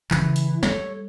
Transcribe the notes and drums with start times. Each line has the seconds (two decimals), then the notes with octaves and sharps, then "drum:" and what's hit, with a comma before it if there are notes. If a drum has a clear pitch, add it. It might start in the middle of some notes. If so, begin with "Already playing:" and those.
0.11 C#3 E3 E4, drum: clap
0.36 drum: hi-hat
0.63 G3 A4 C#5, drum: snare